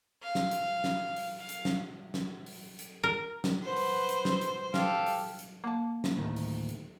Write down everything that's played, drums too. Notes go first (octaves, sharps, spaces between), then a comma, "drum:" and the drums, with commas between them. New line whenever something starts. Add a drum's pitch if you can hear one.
F5
drum: snare
drum: hi-hat
drum: snare
drum: open hi-hat
F5
drum: hi-hat
drum: snare
drum: snare
drum: open hi-hat
drum: hi-hat
A#4
drum: snare
B4 C5 F#5
drum: open hi-hat
drum: hi-hat
drum: snare
drum: hi-hat
G4 A4 F5, drum: snare
drum: open hi-hat
drum: hi-hat
A#3 F#5 A5
drum: snare
D2 A2 D#3
drum: open hi-hat
drum: hi-hat